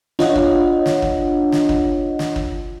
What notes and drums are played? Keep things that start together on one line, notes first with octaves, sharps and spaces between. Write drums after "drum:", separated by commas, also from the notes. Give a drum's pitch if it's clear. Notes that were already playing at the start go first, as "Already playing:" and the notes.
D4 F4 C#5 D#5 F#5, drum: snare
drum: kick
drum: snare
drum: kick
drum: snare
drum: kick
drum: snare
drum: kick